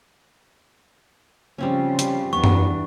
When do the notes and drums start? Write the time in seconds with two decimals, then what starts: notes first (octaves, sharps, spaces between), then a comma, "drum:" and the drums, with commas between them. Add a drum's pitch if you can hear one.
1.58 C#3 F3 G3 C4 C#4 F4
1.99 G3, drum: hi-hat
2.33 E2 B3 D4 C#6
2.44 drum: tom F#2